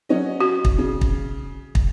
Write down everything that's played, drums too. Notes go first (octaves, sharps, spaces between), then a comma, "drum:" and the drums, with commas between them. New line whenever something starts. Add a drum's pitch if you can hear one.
F#3 C#4 D#5
F#4
drum: kick
C#3
drum: kick
drum: kick